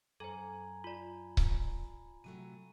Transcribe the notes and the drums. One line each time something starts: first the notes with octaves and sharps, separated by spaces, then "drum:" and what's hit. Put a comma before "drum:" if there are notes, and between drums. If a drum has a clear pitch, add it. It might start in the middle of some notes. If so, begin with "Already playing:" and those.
F#2 A4 C5 G#5 A#5 G#6
F4 D5 B5
drum: kick C#1
C3 F#3 A3 D#7